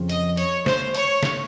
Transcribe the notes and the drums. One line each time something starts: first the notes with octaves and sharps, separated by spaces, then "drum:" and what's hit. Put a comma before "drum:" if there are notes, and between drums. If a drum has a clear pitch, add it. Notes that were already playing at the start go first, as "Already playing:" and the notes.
Already playing: F2 C#3 F3
D#5, drum: hi-hat
C#5, drum: hi-hat
C5, drum: snare
C#5, drum: hi-hat
drum: snare